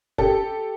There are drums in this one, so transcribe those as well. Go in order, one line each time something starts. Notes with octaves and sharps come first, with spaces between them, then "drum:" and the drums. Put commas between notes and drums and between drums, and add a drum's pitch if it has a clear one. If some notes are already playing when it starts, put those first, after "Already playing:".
G4 A4, drum: kick F1